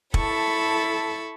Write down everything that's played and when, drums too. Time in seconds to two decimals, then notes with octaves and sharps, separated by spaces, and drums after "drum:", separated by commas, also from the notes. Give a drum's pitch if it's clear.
0.14 E4 A4 A5 B5 C#6, drum: kick